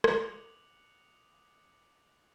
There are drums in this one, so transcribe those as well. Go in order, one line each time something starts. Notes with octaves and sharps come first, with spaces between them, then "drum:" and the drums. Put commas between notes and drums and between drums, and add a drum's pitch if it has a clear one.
drum: rim click
D6 D#6 F#6 C#7 F7 F#7